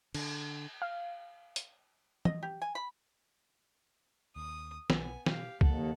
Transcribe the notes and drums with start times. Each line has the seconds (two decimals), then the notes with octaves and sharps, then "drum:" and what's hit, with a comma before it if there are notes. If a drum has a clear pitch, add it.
0.14 D3, drum: cymbal
0.82 F5
1.56 drum: hi-hat
2.25 D#5, drum: tom
2.43 G4
2.62 G#5
2.75 B5
4.36 D#2 D#6
4.90 B1 B3 G#5, drum: snare
5.26 B2 G4 F5, drum: snare
5.61 D#2 C#3 F3 F#3 A4 F#5, drum: kick